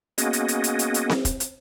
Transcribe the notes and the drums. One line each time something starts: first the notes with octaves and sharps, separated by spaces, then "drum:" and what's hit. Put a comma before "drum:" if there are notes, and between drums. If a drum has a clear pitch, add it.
A#3 B3 C#4 F#4 G#4 D#5, drum: hi-hat
drum: hi-hat
drum: hi-hat
drum: hi-hat
drum: hi-hat
drum: hi-hat
drum: snare C4
drum: kick, hi-hat
drum: hi-hat